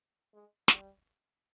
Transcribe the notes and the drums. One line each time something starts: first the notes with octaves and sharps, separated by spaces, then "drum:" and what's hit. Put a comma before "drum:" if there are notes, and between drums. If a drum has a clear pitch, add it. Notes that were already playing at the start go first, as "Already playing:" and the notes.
G#3
G3, drum: snare